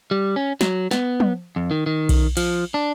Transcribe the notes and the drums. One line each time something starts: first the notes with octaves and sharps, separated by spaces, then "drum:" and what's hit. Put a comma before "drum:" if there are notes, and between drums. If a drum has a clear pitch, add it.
G3
C#4
F#3, drum: snare
B3, drum: snare
drum: tom
F2
D#3
D#3
drum: kick B1, cymbal
F3, drum: cymbal
D4